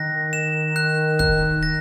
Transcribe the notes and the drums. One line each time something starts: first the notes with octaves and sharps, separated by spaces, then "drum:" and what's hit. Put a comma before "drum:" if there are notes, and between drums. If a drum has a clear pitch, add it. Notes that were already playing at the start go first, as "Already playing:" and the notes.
Already playing: D#3 F#6 A#6
E7
F#6
F#6, drum: kick
A#6